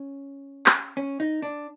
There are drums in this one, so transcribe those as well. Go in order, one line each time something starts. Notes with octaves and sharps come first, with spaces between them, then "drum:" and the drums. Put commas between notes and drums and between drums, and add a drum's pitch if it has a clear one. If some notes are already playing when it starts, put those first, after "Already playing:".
Already playing: C#4
drum: clap
C#4
D#4
D4